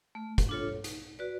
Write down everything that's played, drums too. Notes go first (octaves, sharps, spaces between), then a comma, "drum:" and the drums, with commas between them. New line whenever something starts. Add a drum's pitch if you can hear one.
A3
drum: kick, hi-hat
D4 F4 A4 C#5
D#4, drum: hi-hat
F#4 B4 D5